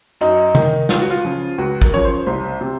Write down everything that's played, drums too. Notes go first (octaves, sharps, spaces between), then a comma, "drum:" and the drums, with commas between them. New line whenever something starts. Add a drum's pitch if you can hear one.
F#2 D#4
D#3, drum: tom C3
C#2 F4, drum: snare
F#4
F4
C#3 F3
C#2 F#4
A#4, drum: kick
C#3 F3 C#5
C5
C2 C5
C3